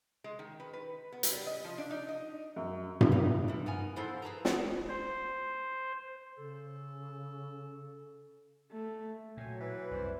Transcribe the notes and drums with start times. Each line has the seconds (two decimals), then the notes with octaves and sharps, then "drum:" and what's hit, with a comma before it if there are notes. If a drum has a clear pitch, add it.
0.24 G#3
0.39 D#3
0.60 B4
0.73 B4
1.12 B3
1.23 drum: hi-hat
1.32 G3
1.46 D#5
1.65 F3
1.78 D4
1.91 D#4
2.09 D#5
2.56 F#2
3.01 drum: tom G2
3.12 D#4 G4 B4
3.48 F3 E4
3.66 B3 D#4 A#4 G#5
3.96 F3 B3 E4 G#4 A4 C5
4.22 G#4 B4 A5 A#5
4.45 B3, drum: snare
4.89 C5
6.38 C#3 A4
8.72 A3
9.37 A#2 F#3 C#5 G5 G#5
9.60 E3 B4
9.91 C2 F#2 C5 D5